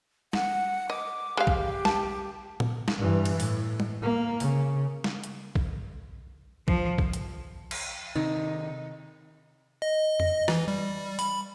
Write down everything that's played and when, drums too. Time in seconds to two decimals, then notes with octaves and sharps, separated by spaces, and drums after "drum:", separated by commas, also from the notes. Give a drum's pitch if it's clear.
0.33 F#5, drum: snare
0.90 D#5 D6
1.37 G#3 G4 F5
1.47 drum: kick A#1
1.85 A5, drum: snare
2.60 drum: tom A#2
2.88 drum: snare
2.99 G2 E3
3.25 drum: cymbal
3.40 A2, drum: open hi-hat
3.80 drum: tom G3
4.02 A#3
4.40 C#3, drum: open hi-hat
5.04 drum: snare
5.24 drum: hi-hat
5.55 drum: kick A#1
6.68 F3, drum: kick A#1
6.98 drum: kick A#1
7.13 drum: hi-hat
7.71 drum: cymbal
8.16 C3 D#3 D#4
9.82 D#5
10.20 drum: tom F2
10.48 E3, drum: rim click
10.68 G3
11.19 B5, drum: open hi-hat